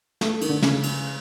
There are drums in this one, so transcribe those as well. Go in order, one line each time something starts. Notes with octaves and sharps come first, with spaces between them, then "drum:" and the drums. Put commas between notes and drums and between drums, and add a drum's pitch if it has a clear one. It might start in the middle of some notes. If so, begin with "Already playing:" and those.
A3, drum: snare
D#3, drum: cymbal
D3
C#3, drum: snare
drum: cymbal